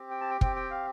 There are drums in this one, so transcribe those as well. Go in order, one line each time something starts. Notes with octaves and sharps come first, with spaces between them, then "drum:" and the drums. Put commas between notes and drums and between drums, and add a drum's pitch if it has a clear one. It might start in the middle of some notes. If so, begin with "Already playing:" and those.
Already playing: C4 G4
G5
A5
G5
C4 G4 G5, drum: kick
G5
F5